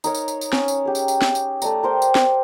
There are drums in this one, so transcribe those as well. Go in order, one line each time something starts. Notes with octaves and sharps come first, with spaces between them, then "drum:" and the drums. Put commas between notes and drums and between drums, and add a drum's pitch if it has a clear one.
D#4 A#4 C#5, drum: tambourine
drum: tambourine
drum: tambourine
drum: tambourine
C#4, drum: snare
drum: tambourine
G4 G#4
drum: tambourine
drum: tambourine
drum: snare
drum: tambourine
A3 D5 A#5, drum: tambourine
A#4 C5 G5
drum: tambourine
drum: snare